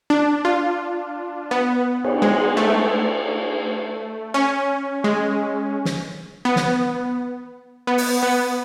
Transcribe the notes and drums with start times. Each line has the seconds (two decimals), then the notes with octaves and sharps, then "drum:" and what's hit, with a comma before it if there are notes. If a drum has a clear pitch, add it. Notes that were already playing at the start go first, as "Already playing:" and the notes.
0.10 D4
0.45 F4
1.51 B3
2.04 drum: cymbal
2.22 G#3
2.57 A3
4.34 C#4
5.04 G#3
5.85 drum: snare
6.45 B3
6.56 drum: snare
7.87 B3
7.98 drum: open hi-hat
8.23 B3